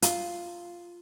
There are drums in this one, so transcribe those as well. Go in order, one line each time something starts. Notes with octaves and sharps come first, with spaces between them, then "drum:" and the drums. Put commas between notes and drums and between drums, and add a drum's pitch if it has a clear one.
F4, drum: hi-hat